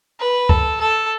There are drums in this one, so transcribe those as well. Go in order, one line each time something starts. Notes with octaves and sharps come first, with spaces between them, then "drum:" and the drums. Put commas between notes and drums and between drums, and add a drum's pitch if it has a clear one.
B4
A4, drum: kick
A4